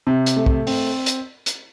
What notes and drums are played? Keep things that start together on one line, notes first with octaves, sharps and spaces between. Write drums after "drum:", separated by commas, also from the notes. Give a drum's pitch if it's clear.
C3
drum: hi-hat
A3
drum: kick
C4, drum: open hi-hat
drum: hi-hat
drum: hi-hat